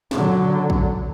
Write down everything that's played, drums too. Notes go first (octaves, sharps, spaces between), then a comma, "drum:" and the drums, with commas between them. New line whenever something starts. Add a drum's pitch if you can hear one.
D3 F#3, drum: snare
drum: kick